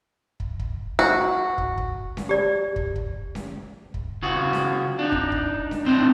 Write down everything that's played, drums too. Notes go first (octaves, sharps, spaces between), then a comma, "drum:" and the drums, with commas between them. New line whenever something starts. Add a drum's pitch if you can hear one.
drum: kick
drum: kick
F#4, drum: snare C#4
drum: kick
drum: kick
drum: snare C#4
G4 D5
drum: kick
drum: kick
drum: snare C#4
drum: kick
C#3 F4 F#4
drum: snare C#4
D4 D#4
drum: kick
drum: kick
drum: snare C#4
A2 C4 D4 D#4